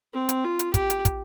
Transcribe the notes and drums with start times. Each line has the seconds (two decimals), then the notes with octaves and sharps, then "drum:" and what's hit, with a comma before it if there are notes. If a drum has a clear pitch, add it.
0.14 C4
0.29 drum: hi-hat
0.44 F4
0.59 drum: hi-hat
0.74 G4, drum: kick, hi-hat
0.90 drum: hi-hat
1.05 drum: kick, hi-hat